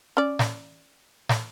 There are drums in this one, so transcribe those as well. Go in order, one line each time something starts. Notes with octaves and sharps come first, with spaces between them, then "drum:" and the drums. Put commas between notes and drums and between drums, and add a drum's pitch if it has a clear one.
C#4 D5
drum: snare
drum: snare